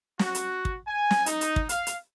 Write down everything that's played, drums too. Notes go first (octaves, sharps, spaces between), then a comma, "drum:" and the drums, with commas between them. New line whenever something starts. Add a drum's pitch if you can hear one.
F#4, drum: snare
drum: hi-hat
drum: kick
G#5
drum: snare
D#4, drum: hi-hat
drum: hi-hat
drum: kick
F5, drum: hi-hat
drum: hi-hat